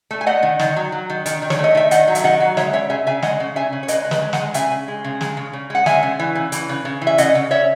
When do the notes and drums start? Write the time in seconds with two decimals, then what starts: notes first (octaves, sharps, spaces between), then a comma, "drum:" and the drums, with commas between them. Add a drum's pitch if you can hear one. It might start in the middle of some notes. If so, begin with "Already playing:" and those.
0.11 A3
0.21 G#5
0.27 A3 D#5 F#5
0.43 D#3
0.59 D#3, drum: snare
0.76 F#3
0.92 F#3
1.10 D#3
1.26 D#3, drum: hi-hat
1.42 D#3
1.50 C#5, drum: snare
1.59 A3
1.64 D#5
1.75 D#3 E5
1.91 D#3 D#5 F#5, drum: hi-hat
2.08 F#3
2.15 E5, drum: hi-hat
2.24 D#3 D#5 F#5
2.40 F#3
2.57 G#3 C#5 E5, drum: snare
2.73 C#3 C#5 E5
2.90 C#3 E5 G#5
3.07 C#3 E5 G#5
3.22 G#3 D#5 F#5, drum: snare
3.40 C#3
3.56 C#3 E5 G#5
3.73 C#3
3.83 C#5
3.88 C#3 B4 D#5, drum: hi-hat
4.05 G#3
4.11 B4 D#5, drum: snare
4.22 G#3
4.33 D#5 F#5, drum: snare
4.38 G#3
4.54 C#3 E5 G#5, drum: hi-hat
4.72 C#3
4.88 G#3
5.04 C#3
5.21 G#3, drum: snare
5.37 C#3
5.53 C#3
5.70 G#3 F#5
5.86 G#3 E5 G#5, drum: snare
6.03 C#3
6.19 E3
6.35 C#3
6.52 E3, drum: hi-hat
6.69 C#3
6.85 C#3
7.02 E3
7.07 E5
7.18 C#3 D#5 F#5, drum: hi-hat
7.35 C#3
7.51 C#3 C#5 E5